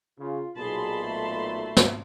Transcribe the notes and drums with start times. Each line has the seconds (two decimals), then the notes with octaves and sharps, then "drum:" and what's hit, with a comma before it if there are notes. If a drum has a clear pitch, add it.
0.20 C#3 F4
0.57 B1 A#2 G#4 A5 B5 C6
1.04 A3
1.77 drum: snare